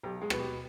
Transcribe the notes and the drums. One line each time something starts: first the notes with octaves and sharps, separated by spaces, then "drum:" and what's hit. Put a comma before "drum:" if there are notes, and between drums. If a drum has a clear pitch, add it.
B1 G4
G#3 G#4
B2 B3, drum: rim click
G4